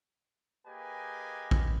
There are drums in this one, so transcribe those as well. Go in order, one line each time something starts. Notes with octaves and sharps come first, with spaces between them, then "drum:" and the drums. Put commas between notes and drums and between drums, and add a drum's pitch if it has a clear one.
A#3 G4 G#4 B4 D#5 G#5
drum: kick A#1